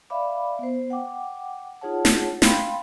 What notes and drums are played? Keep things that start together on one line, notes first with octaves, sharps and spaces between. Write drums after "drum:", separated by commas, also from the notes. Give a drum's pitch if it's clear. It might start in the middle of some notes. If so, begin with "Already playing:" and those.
D5 E5 F5 B5 D6
B3 C5
F#5 G5 D6
D#4 F4 G#4 C#5 F#5 A5
drum: snare
F5 G5 B5 C6, drum: snare